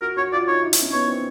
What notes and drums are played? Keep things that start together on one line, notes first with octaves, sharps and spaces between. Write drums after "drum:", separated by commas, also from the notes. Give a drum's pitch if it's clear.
F#4 A#4
F#4 C#5
F4 D5
D#4 C#5
E4
D#4, drum: hi-hat
C#4
B3 C#5
C4